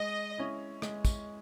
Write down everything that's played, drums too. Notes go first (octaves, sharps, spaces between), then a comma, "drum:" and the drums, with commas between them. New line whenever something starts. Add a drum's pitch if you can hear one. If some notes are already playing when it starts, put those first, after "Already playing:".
Already playing: G#3 D#5
C#4 E4
G#3, drum: rim click
drum: kick, tambourine